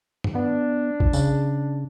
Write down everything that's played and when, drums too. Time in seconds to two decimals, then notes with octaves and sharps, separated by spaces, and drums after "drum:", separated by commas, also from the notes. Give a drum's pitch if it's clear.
0.24 drum: tom G2
0.35 B3 D4
1.00 drum: kick
1.13 C#3, drum: tambourine